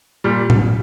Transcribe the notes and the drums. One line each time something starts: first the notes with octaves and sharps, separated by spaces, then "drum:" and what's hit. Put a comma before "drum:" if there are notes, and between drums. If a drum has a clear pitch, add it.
A#2 G3
drum: tom A2